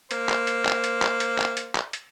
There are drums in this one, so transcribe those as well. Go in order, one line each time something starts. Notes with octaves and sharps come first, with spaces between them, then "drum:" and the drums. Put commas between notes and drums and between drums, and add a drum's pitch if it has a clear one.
A#3 C5, drum: hi-hat
drum: clap
drum: hi-hat
drum: clap
drum: hi-hat
drum: clap
drum: hi-hat
drum: clap
drum: hi-hat
drum: clap
drum: hi-hat